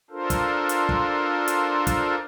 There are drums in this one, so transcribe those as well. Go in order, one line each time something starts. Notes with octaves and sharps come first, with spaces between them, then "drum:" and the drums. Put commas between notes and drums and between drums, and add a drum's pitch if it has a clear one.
D4 F4 A4 A#4 C5
drum: kick, hi-hat
drum: hi-hat
drum: kick
drum: hi-hat
drum: kick, hi-hat